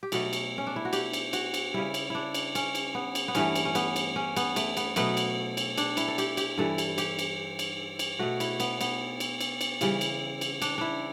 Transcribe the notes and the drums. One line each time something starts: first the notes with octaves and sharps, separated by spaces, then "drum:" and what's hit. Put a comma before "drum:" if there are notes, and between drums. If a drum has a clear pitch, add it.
G4
B2 F#3 A3 A4, drum: cymbal
drum: cymbal
C#4
D4
E4
F#4
G4, drum: cymbal
drum: cymbal
F#4, drum: cymbal
drum: cymbal
C#3 G3 E4
drum: cymbal
D4 E4
drum: cymbal
C#4, drum: cymbal
drum: cymbal
B3
drum: cymbal
B3
G2 E3 A3 C#4, drum: cymbal
drum: cymbal
C#4
B3, drum: cymbal
drum: cymbal
C#4
B3, drum: cymbal
A3, drum: cymbal
B3, drum: cymbal
B2 F#3 A3 B3, drum: cymbal
drum: cymbal
drum: cymbal
D4, drum: cymbal
E4, drum: cymbal
A4
G4, drum: cymbal
G4, drum: cymbal
G2 E3 G3 A4
drum: cymbal
G4, drum: cymbal
drum: cymbal
drum: cymbal
drum: cymbal
B2 A3 F#4
E4, drum: cymbal
B3, drum: cymbal
B3, drum: cymbal
drum: cymbal
drum: cymbal
drum: cymbal
C#3 E3 G3, drum: cymbal
drum: cymbal
drum: cymbal
D4, drum: cymbal
D4 E4